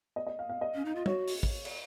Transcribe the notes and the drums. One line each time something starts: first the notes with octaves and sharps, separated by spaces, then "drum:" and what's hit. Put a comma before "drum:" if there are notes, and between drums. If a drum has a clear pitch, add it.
D#5
D#5
F5
F5
D#5
C#4
D#4
F4
F#4 C#5, drum: tom
drum: open hi-hat
drum: kick
drum: cymbal